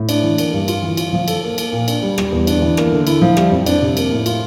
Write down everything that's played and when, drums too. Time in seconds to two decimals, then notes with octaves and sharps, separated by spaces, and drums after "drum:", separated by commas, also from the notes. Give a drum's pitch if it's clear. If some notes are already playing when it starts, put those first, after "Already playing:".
Already playing: A2
0.09 D4, drum: cymbal
0.23 E3
0.38 A#3, drum: cymbal
0.53 G2
0.68 F4, drum: cymbal
0.83 E3
0.97 F4, drum: cymbal
1.13 F3
1.28 A4, drum: cymbal
1.43 A#3
1.58 A#3, drum: cymbal
1.72 A#2
1.88 D4, drum: cymbal
2.03 G3
2.18 G3, drum: rim click
2.32 E2
2.47 D4, drum: cymbal
2.62 E3
2.77 A#3, drum: rim click
2.92 D3
3.07 E4, drum: cymbal
3.22 F3
3.37 G3, drum: rim click
3.52 F2
3.66 D4, drum: cymbal
3.82 C3
3.97 A#3, drum: cymbal
4.11 A2
4.26 F4, drum: cymbal